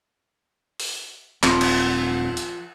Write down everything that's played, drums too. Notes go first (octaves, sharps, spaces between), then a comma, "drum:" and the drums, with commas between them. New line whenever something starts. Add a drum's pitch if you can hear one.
drum: open hi-hat
D#1 F3 C4, drum: clap
drum: cymbal
drum: hi-hat